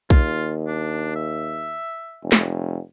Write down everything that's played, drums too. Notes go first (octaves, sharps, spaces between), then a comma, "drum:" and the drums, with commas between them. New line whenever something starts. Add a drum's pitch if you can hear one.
D#2 F4, drum: kick B1
D4
E5
F1
drum: snare